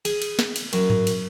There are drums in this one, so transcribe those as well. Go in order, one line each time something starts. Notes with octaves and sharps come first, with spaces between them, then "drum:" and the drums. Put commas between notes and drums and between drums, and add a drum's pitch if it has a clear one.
G#4, drum: cymbal
drum: cymbal
drum: snare
drum: cymbal
F#2, drum: cymbal
drum: tom G2
drum: cymbal